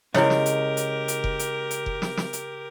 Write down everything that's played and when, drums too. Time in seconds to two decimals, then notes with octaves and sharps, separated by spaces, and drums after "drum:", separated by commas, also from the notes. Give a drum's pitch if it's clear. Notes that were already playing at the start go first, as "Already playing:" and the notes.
0.14 C#3 G#3 E4 G4 A#4 C#5 D#5, drum: snare
0.30 drum: snare
0.46 drum: hi-hat
0.77 drum: hi-hat
1.08 drum: hi-hat
1.24 drum: kick F1
1.39 drum: hi-hat
1.71 drum: hi-hat
1.86 drum: kick F1
2.02 drum: snare
2.17 drum: snare
2.33 drum: hi-hat